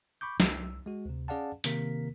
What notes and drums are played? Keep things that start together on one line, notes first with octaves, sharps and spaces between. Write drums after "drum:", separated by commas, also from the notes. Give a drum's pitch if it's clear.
B5 C#6 D6 G6
C2 E6, drum: snare
G#3 F#4
D2 C3
C#4 G#4 D5 F5 F#5 A5
C3 D#3 A#3 A#4 B6, drum: hi-hat